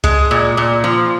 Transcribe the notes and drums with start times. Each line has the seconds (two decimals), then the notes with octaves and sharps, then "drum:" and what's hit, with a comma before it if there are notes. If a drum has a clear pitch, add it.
0.04 G#3, drum: kick C#2, hi-hat
0.31 A#2
0.57 A#2
0.84 F3